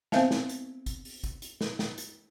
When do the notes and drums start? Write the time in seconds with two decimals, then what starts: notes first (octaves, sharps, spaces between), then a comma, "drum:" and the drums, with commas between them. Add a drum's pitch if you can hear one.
0.12 B3 C4 C5 E5 F5 A5, drum: snare
0.31 drum: snare
0.49 drum: hi-hat
0.86 drum: kick A1, hi-hat
1.05 drum: open hi-hat
1.23 drum: kick A1, hi-hat
1.42 drum: hi-hat
1.61 drum: snare
1.79 drum: snare
1.98 drum: hi-hat